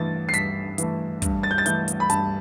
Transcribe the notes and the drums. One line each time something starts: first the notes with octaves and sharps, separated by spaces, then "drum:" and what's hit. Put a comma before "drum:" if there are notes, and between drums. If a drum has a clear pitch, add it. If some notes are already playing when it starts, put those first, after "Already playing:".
Already playing: G2 E3 A3 A6
C7
G2 B6, drum: hi-hat
E3 A3, drum: hi-hat
G2, drum: kick, hi-hat
A6
G6
A6
E3 A3 G6, drum: hi-hat
drum: hi-hat
B5
G2 A5, drum: hi-hat